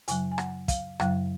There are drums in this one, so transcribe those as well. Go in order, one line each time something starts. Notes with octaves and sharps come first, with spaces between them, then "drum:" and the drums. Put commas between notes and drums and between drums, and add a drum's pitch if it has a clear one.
F#2 C#3 F#3 G#5, drum: hi-hat
G#5
F#5, drum: rim click
F5, drum: kick, hi-hat
F#2 C#3 F#3 F5, drum: rim click